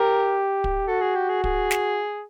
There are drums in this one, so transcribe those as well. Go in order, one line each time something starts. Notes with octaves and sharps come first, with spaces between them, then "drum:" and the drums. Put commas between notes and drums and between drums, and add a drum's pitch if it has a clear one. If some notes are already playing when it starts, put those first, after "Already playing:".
Already playing: G4 A#4
drum: kick
F#4 A4
G#4
G4
G#4
G#4, drum: kick
drum: snare